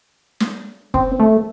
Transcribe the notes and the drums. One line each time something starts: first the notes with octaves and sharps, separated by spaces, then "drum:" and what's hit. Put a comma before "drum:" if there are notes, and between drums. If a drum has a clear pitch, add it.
drum: snare
C4, drum: kick F#1
A3